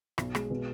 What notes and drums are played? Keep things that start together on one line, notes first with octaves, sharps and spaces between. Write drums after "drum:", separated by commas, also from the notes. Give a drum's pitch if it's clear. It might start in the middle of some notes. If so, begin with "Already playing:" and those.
B1, drum: rim click
G#3, drum: rim click
B2